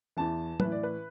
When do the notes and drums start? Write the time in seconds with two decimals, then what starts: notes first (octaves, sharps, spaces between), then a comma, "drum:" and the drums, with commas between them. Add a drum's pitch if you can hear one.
0.17 E2 E3 A5
0.60 A2 E3 B4, drum: tom
0.72 D5
0.83 B4